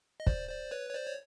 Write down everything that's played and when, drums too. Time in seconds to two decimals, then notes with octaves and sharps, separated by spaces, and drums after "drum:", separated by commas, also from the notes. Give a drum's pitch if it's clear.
0.20 D#5
0.27 C5 D5, drum: kick
0.49 C5 D5
0.71 B4 C#5
0.89 C#5
0.94 C5 D5
1.06 C#5